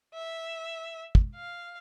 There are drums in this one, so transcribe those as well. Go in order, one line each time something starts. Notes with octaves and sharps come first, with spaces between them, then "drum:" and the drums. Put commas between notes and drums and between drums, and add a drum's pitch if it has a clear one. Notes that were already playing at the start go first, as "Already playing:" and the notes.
E5
drum: kick
F5